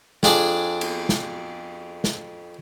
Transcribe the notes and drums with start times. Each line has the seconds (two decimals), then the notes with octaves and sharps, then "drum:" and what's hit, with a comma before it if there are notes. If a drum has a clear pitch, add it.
0.23 F2 D4 G#4 D5, drum: snare
0.81 drum: cymbal
1.09 drum: snare
2.04 drum: snare